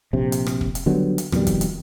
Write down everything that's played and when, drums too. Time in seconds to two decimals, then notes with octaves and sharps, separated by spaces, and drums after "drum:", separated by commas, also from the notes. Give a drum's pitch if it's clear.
0.13 A#1 C3
0.32 drum: hi-hat
0.46 drum: rim click
0.61 drum: kick
0.75 drum: hi-hat
0.86 D3 F#3 G3 B3
1.18 drum: hi-hat
1.32 F2 B2 D#3 G3, drum: rim click
1.47 drum: kick, hi-hat
1.61 drum: hi-hat